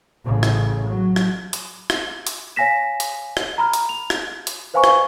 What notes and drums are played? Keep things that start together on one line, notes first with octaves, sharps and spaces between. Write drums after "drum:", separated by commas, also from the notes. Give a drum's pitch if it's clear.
A1 C#3
drum: rim click
F#3
drum: rim click
drum: hi-hat
drum: rim click
drum: hi-hat
C#5 F5 G#5 A#6 B6 E7
drum: hi-hat
drum: rim click
A#5 B5 F6
drum: hi-hat
F7
drum: rim click
drum: hi-hat
B4 C5 F5 G#5 B5 C#6
drum: rim click